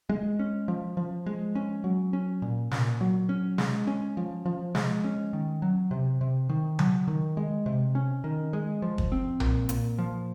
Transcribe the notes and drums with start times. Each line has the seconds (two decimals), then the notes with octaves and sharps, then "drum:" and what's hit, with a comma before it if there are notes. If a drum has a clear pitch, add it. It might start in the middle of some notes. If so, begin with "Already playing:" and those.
0.09 G#3
0.39 C#4
0.68 F3
0.97 F3
1.26 G#3
1.55 C#4
1.84 F#3
2.13 C#4
2.42 A#2
2.71 A#2, drum: snare
3.01 F#3
3.29 C#4
3.58 G#3, drum: snare
3.87 C#4
4.17 F3
4.45 F3
4.75 G#3, drum: snare
5.04 C#4
5.33 D#3
5.62 F#3
5.91 C3
6.21 C3
6.49 D#3
6.79 F#3, drum: tom C#3
7.07 D#3
7.37 G#3
7.66 C3
7.95 C#4
8.24 D#3
8.53 G#3
8.82 F3
8.98 drum: kick
9.12 C4
9.40 A#2, drum: tom B1
9.69 A#2, drum: hi-hat
9.98 F3